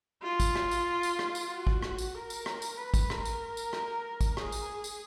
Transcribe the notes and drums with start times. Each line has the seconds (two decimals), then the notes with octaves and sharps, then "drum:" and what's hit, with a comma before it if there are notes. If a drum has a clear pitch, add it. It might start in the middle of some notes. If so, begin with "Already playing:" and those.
0.23 F4
0.40 drum: kick, tambourine
0.56 drum: rim click
0.71 drum: tambourine
1.03 drum: tambourine
1.19 drum: rim click
1.35 drum: tambourine
1.50 F#4
1.67 drum: kick
1.83 drum: rim click
1.98 drum: tambourine
2.15 A#4
2.30 drum: tambourine
2.46 drum: rim click
2.62 drum: tambourine
2.77 B4
2.94 drum: kick, tambourine
3.10 A#4, drum: rim click
3.25 drum: tambourine
3.57 drum: tambourine
3.73 drum: rim click
4.21 drum: kick, tambourine
4.37 G#4, drum: rim click
4.52 drum: tambourine
4.84 drum: tambourine